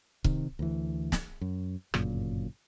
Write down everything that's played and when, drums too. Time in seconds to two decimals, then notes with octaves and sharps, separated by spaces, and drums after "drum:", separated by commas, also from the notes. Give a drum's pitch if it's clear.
0.24 C3 D#3, drum: kick C#1
0.59 D2 E3
1.12 drum: snare
1.41 F#2
1.94 G1 F#2 A#2 C#3, drum: rim click